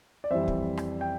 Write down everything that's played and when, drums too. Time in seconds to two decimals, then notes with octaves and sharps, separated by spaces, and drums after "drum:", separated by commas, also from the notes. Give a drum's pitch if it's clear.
0.24 D5
0.31 F2 E3 G3 C5 E5
0.48 drum: kick
0.77 drum: rim click
1.01 G5